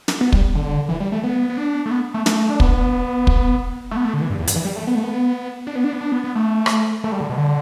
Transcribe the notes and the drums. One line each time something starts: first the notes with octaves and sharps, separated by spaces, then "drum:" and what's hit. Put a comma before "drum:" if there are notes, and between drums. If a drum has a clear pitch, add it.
drum: snare
B3
G3, drum: kick
D3
E3
G3
A3
B3
B3
D4
A3
B3
A3
A3, drum: snare
D4
B3, drum: kick
drum: kick
A3
B3
A3
D3
E3
G2
E2
G2, drum: hi-hat
E3
G3
A3
B3
A3
B3
D4
B3
D4
B3
D4
B3
B3
A3
drum: rim click
A3
G3
D3
B2
D3